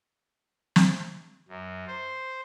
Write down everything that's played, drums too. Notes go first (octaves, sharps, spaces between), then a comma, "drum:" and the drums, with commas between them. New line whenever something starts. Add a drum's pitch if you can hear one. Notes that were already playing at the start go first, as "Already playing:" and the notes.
drum: snare
F#2
C5